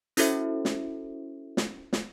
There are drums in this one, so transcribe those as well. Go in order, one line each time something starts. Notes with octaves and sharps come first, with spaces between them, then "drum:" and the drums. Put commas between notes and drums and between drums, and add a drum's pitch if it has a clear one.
C#4 E4 F#4 A4 C5 E5, drum: hi-hat
drum: snare
drum: snare
drum: snare